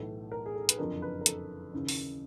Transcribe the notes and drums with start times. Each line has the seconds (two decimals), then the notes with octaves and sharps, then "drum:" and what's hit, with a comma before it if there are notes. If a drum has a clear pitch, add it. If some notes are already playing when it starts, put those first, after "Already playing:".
Already playing: B1 A2 E3 A3
0.32 A#4
0.46 G#4
0.55 A4
0.69 B4, drum: hi-hat
0.78 F#1 F2 D3 A#4
1.02 B4
1.21 A#4
1.26 A4, drum: hi-hat
1.73 D#2 C#3 E3
1.89 drum: open hi-hat